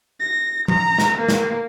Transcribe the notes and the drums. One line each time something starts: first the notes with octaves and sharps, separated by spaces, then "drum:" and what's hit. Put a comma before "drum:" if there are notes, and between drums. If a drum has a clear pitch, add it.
A#6
A#5, drum: tom F3
drum: snare
A#3
drum: snare